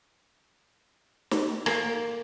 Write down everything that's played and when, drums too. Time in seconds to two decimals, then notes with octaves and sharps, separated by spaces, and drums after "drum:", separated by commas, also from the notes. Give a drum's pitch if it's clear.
1.31 drum: snare
1.66 A#3, drum: rim click